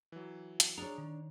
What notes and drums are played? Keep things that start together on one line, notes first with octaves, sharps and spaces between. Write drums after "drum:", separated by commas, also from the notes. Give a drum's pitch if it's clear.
E3 F#3
drum: hi-hat
D4 G#4 C#5 A#5
D#3